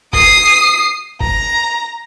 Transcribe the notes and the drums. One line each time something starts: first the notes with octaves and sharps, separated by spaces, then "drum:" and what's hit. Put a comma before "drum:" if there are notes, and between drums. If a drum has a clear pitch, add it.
D#6 C7, drum: kick
A#5, drum: kick